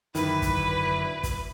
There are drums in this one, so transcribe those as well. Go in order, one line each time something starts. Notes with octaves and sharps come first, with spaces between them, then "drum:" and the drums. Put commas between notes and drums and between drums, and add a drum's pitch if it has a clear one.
F#2 D3 D#3 E4 B4, drum: hi-hat
drum: kick, hi-hat
drum: kick, hi-hat